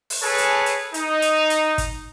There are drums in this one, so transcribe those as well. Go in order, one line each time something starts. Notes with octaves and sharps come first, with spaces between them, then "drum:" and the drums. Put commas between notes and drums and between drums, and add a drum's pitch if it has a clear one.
drum: open hi-hat
G#4 A4 B4 C#5 G#5 A5
drum: hi-hat
drum: hi-hat
D#4, drum: hi-hat
drum: hi-hat
drum: hi-hat
drum: kick, hi-hat